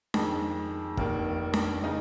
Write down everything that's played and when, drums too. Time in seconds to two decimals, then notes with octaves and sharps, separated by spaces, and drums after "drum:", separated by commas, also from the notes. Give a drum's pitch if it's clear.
0.14 F2 D#3 G#3, drum: snare D4
0.97 F1 D#2 D#3 A#3, drum: kick
1.54 drum: snare D4
1.83 C#3 G#3 D#4